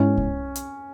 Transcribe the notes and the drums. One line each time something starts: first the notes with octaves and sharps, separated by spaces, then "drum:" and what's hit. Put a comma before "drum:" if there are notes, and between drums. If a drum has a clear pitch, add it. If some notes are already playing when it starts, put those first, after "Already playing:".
Already playing: G#2 G#3 B3 C#4 E4
drum: kick C2
drum: hi-hat